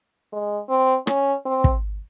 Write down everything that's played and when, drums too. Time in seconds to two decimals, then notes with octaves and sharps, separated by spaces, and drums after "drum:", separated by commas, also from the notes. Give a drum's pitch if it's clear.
0.33 G#3
0.69 C4
1.07 C#4, drum: rim click
1.45 C4
1.64 drum: kick